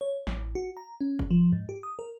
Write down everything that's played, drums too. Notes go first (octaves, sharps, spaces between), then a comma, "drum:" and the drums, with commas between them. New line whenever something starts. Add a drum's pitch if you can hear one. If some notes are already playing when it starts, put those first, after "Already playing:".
C#5
A1, drum: snare
F#4
A#5
C#4
drum: kick F#1
F3
G#2
G4
D#6
A#4